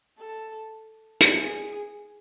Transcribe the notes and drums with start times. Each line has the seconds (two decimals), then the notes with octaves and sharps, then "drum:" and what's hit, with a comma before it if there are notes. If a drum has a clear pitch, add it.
0.20 A4
1.20 drum: hi-hat
1.39 G#4